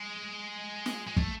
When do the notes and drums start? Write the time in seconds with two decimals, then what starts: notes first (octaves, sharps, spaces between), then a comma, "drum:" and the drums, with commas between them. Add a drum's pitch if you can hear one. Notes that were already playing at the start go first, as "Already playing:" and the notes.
Already playing: G#3
0.86 drum: snare
1.07 G#3
1.16 A3, drum: kick